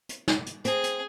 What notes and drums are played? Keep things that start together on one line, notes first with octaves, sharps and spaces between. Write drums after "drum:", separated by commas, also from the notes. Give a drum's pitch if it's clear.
drum: hi-hat
drum: snare
drum: hi-hat
C4 G#4, drum: hi-hat
drum: hi-hat